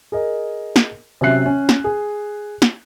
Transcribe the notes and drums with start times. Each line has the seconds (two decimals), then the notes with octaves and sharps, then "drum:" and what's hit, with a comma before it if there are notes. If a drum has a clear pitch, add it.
0.12 G#4 A#4 D#5
0.76 drum: snare
1.21 C3 F#3 C#4 E5 F#6 C7
1.46 C#4
1.69 drum: snare
1.84 G#4
2.62 drum: snare